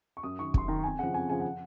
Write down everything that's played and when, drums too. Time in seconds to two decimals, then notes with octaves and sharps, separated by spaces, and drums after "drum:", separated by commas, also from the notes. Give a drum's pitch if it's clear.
0.17 C#6
0.23 F#2 D#6
0.39 D#3 C#6
0.54 F#2 C6, drum: kick
0.68 D#3 A#5
0.84 F2 G#5
0.99 C#3 F3 F#5
1.14 F2 G#5
1.29 C#3 F3 G#5
1.40 F#5